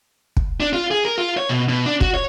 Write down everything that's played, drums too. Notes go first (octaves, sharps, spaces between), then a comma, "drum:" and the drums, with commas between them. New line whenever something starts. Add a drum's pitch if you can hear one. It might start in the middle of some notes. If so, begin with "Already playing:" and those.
drum: kick
D4
F4
G#4
A#4
F4
C#5
B2
B2
D4
F#4, drum: kick
C#5